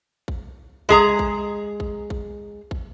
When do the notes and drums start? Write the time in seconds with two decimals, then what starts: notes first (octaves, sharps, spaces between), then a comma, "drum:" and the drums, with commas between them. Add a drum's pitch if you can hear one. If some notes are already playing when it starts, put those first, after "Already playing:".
0.28 drum: kick
0.89 G#3 G#4 A#5, drum: kick
1.19 drum: kick
1.80 drum: kick
2.10 drum: kick
2.71 drum: kick